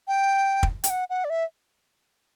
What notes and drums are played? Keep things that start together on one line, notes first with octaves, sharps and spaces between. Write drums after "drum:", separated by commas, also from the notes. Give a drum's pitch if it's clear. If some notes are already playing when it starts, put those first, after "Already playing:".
G5
drum: kick
G5, drum: hi-hat
F#5
F#5
D5
E5